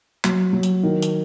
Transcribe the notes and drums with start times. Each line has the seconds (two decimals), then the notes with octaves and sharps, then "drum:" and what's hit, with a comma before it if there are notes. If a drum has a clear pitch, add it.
0.24 F#3, drum: clap
0.53 F#3
0.63 drum: hi-hat
0.83 D#3
1.02 drum: hi-hat